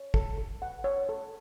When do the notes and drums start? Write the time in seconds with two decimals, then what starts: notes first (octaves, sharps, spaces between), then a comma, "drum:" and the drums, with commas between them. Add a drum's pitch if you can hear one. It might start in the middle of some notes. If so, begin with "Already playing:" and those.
Already playing: C#5
0.14 A4, drum: kick
0.38 A4
0.62 F#5
0.84 C#5
1.09 A4